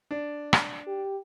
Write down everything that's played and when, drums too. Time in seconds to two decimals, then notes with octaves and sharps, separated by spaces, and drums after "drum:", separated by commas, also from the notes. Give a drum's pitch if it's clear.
0.11 D4
0.53 drum: rim click
0.87 G4